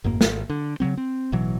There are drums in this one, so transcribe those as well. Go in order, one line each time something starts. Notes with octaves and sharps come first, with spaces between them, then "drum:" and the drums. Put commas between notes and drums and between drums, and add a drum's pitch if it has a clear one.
G#1 F#2 A2 A#3
G#1, drum: snare
D3
C#3 E3 F#3 C4
C4
A1 B2 E3 F#3